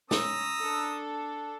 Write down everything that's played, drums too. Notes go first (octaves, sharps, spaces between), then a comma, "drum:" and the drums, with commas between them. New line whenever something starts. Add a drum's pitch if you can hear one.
C#4 A#5 D#6 E6, drum: snare
D4 A4